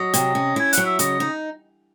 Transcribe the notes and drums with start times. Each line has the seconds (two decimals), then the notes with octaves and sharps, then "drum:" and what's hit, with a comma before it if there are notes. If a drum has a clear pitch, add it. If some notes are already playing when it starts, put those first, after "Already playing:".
Already playing: F#3 D#5
0.14 C3, drum: hi-hat
0.35 C#4
0.56 E4 G#5
0.73 F#3 F#5, drum: hi-hat
0.86 E5
0.99 C#3 D#5, drum: hi-hat
1.20 D#4